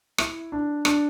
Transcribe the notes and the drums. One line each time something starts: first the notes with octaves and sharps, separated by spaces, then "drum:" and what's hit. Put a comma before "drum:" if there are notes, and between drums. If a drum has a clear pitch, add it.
E4, drum: rim click
D4
D4, drum: rim click